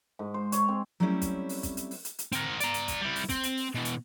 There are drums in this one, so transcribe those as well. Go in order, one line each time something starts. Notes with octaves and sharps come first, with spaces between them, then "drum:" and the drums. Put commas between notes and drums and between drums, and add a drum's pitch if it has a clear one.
G#2
C5
C#5, drum: hi-hat
C4
F#3 G3 A3 C4 C#4 E4
drum: kick, hi-hat
drum: open hi-hat
drum: kick, hi-hat
drum: hi-hat
drum: open hi-hat
drum: hi-hat
drum: hi-hat
C4 A#4, drum: hi-hat
D5 A#5, drum: hi-hat
drum: hi-hat
drum: kick, hi-hat
G3 E4
drum: open hi-hat
C4, drum: kick, hi-hat
drum: hi-hat
drum: open hi-hat
B2 E3
drum: hi-hat